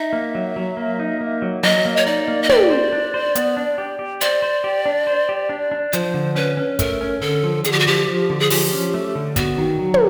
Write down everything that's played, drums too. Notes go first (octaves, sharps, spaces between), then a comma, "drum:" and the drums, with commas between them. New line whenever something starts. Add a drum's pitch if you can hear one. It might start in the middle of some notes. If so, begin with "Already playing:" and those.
Already playing: D#4 E5
A#3
F#3
F#3
A#3
D#4
A#3
F#3
F#3 D#5, drum: snare
A#3
C#5
D#4 D5
A#3
D#5
G4 D5, drum: tom
C5
D4
C5
B3, drum: hi-hat
D4
G4
G4
C5 D5, drum: hi-hat
C5
G4
D4
C5
G4
D4
D4
F3 C5, drum: hi-hat
D3
C#4 B4
C#4
A3 A#4, drum: kick, hi-hat
C#4
D3 A4
F3
D3 G#4, drum: hi-hat
G4
F#4
F3 G4
F3
D3
G#4
F3 G4, drum: open hi-hat
C#4
A3
D3
B3 F#4, drum: kick, hi-hat
D#3
F#3
drum: tom